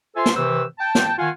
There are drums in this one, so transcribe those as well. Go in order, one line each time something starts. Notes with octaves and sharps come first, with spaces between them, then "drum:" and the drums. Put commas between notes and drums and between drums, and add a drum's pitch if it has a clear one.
F4 A4 C5 E5 G#5 C6
drum: snare
C3 D#3 E3 B4 C5 E6
G5 A5
drum: snare
D#3 F4 F5 F#5 G#5